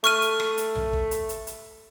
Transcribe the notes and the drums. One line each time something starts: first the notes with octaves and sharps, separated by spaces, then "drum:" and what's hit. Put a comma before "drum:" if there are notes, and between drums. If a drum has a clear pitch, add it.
A3 C#6 F6 D#7, drum: hi-hat
drum: hi-hat
drum: rim click
drum: hi-hat
drum: tom B1
drum: kick
drum: hi-hat
drum: hi-hat
drum: hi-hat